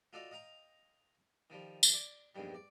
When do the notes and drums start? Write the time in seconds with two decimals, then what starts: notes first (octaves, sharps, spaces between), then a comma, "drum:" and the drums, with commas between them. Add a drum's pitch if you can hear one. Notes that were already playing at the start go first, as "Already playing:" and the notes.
0.13 F4 F#4 A4 D5 D#5 F5
0.31 D#5 F5 G5 A#5
1.50 D#3 F3 G3
1.83 drum: tambourine
1.94 D5
2.35 A#1 E2 G2 D#3 G3
2.54 D5